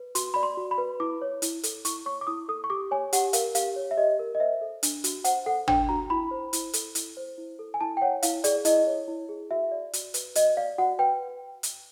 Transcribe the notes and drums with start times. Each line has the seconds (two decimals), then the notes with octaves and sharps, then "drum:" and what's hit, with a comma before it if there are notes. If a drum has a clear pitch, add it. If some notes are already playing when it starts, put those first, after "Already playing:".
Already playing: B4
0.15 F#4 C6, drum: hi-hat
0.34 D5 B5
0.43 C6
0.57 F#4
0.71 B5
0.78 B4
1.00 E4 D6
1.22 C#5
1.42 E4, drum: hi-hat
1.63 A4, drum: hi-hat
1.85 E4 C#6, drum: hi-hat
2.06 C#5 C#6
2.21 D6
2.27 E4 D#6
2.48 A4 D#6
2.64 C#6
2.70 G4 D6
2.91 C#5 G#5
3.13 G4 F#5, drum: hi-hat
3.33 A#4 F5, drum: hi-hat
3.55 G4 F5, drum: hi-hat
3.76 C#5
3.91 E5
3.97 G4 D#5
4.19 A#4
4.35 D#5
4.40 C5 E5
4.61 A4
4.83 D4, drum: hi-hat
5.04 F#4, drum: hi-hat
5.24 C5 F#5, drum: hi-hat
5.46 A4 F#5
5.68 D4 G5, drum: tom G#1
5.89 F#4 A#5
6.10 E4 B5
6.31 C5
6.53 E4, drum: hi-hat
6.73 A4, drum: hi-hat
6.95 E4, drum: hi-hat
7.17 C5
7.38 E4
7.59 A4
7.74 G#5
7.80 E4 A5
7.97 G5
8.02 C#5 F#5
8.23 E4 F5, drum: hi-hat
8.44 G#4 D5, drum: hi-hat
8.65 E4 D#5, drum: hi-hat
8.87 C#5
9.08 E4
9.29 G#4
9.50 F#4 E5
9.71 D5
9.93 F#4, drum: hi-hat
10.14 B4, drum: hi-hat
10.35 F#4 D#5, drum: hi-hat
10.57 D5 F5
10.78 F#4 F#5
10.99 B4 G5
11.63 drum: hi-hat